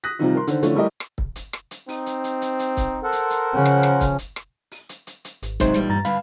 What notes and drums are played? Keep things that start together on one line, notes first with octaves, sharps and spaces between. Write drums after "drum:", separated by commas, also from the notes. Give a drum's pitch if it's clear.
D#6 F#6 A#6 B6
C3 D#3 F3 G3 D#4 F4
A#4 C6
D3 D#3 C5, drum: hi-hat
D3 E3 F3 A3 C#4, drum: hi-hat
G3 A3 E4 G4 A#4 D#5
drum: rim click
drum: kick
drum: hi-hat
drum: rim click
drum: hi-hat
C4 D#4, drum: open hi-hat
drum: hi-hat
drum: hi-hat
drum: hi-hat
drum: hi-hat
drum: kick, hi-hat
A4 A#4 C5 F#5
drum: hi-hat
drum: hi-hat
C#3 F3 C#4 F#5
drum: rim click
drum: rim click
drum: kick, hi-hat
drum: hi-hat
drum: rim click
drum: open hi-hat
drum: hi-hat
drum: hi-hat
drum: hi-hat
G#1, drum: hi-hat
G#2 C3 F#3 G#3 D#4 C5, drum: kick, hi-hat
E2 A#2 G3
G2 A#5 A6
G2 D3 F5 B5